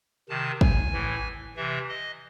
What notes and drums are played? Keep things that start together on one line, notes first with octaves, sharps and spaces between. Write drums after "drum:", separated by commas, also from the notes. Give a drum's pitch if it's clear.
C3 D#3 A5
G#5, drum: kick
A2 E3
C3 E3 E5
D#5